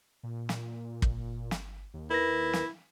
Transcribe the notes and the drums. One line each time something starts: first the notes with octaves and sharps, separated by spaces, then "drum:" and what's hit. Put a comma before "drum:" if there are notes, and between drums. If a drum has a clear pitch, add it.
A#2
drum: snare
G1, drum: kick
drum: snare
D#2
E4 A#4 B4 A#6
drum: snare